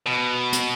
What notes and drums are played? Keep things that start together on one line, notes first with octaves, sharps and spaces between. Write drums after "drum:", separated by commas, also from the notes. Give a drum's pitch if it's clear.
B2
drum: hi-hat